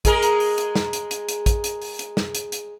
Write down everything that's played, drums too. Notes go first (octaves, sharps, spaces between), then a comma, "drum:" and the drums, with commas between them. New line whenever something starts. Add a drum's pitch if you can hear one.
G#3 G#4 A#4, drum: kick, hi-hat
drum: hi-hat
drum: open hi-hat
drum: hi-hat
drum: snare
drum: hi-hat
drum: hi-hat
drum: hi-hat
drum: kick, hi-hat
drum: hi-hat
drum: open hi-hat
drum: hi-hat
drum: snare
drum: hi-hat
drum: hi-hat